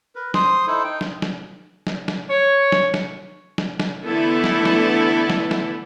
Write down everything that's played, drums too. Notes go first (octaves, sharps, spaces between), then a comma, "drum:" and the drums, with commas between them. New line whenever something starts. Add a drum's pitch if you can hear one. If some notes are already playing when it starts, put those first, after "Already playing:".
A#4 B4
C5 C6 D#6, drum: snare
D#4 E4 A4 C5
D#4 G5
drum: snare
drum: snare
drum: snare
drum: snare
C#5
drum: snare
drum: snare
drum: snare
drum: snare
D3 E3 A3 B3 E4 A4
drum: snare
drum: snare
drum: snare
drum: snare